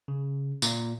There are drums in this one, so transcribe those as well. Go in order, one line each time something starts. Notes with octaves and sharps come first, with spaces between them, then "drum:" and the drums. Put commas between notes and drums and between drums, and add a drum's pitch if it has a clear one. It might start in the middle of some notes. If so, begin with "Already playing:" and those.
C#3
A#2, drum: tambourine